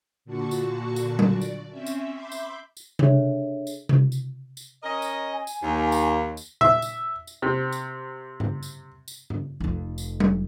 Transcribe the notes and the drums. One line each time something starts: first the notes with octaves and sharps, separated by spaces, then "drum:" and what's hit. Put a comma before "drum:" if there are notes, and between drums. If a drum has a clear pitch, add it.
A#2 D3 F#4 A5 C#6
drum: tambourine
drum: tambourine
drum: tom F#3
D5
drum: tambourine
C4 C#4 E5
drum: tambourine
E5 B5 C6 D6 G6
drum: tambourine
drum: tambourine
D4 G#4 A4 C#5 E5, drum: tom C3
drum: tambourine
drum: tom C3
drum: tambourine
drum: tambourine
C#4 A#4 D#5
drum: tambourine
G#5
drum: tambourine
D#2
drum: tambourine
drum: tambourine
E5, drum: tom A#2
drum: tambourine
drum: tambourine
C3
drum: tambourine
drum: tom F#2
drum: tambourine
drum: tambourine
drum: tom F#2
F1 F2
drum: tambourine
drum: tom F#3